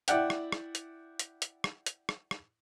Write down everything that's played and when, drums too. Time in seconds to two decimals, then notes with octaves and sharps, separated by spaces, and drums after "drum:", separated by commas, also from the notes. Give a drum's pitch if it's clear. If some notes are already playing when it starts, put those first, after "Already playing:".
0.08 E4 D5 F#5 G5, drum: hi-hat
0.30 drum: rim click
0.52 drum: rim click
0.75 drum: hi-hat
1.19 drum: hi-hat
1.42 drum: hi-hat
1.64 drum: rim click
1.86 drum: hi-hat
2.09 drum: rim click
2.31 drum: rim click